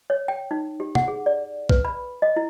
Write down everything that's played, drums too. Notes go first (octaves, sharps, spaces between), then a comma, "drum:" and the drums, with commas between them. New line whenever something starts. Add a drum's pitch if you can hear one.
C#5
G5
D#4
G4
F#5, drum: tom
G#4
D5
B4, drum: kick A#1
B5
D#5
E4